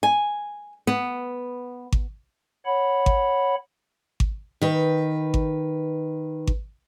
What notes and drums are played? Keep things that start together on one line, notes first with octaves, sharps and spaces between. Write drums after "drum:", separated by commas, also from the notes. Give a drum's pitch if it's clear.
G#5
B3
drum: kick G#1
C#5 F#5 B5
drum: kick G#1
drum: kick G#1
D#3 B4
drum: kick G#1
drum: kick G#1